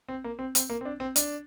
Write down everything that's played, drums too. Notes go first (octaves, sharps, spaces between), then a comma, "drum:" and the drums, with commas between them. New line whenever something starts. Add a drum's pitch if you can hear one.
C4
A#3
C4
C4, drum: hi-hat
A#3
C4
D4
C4
D4, drum: hi-hat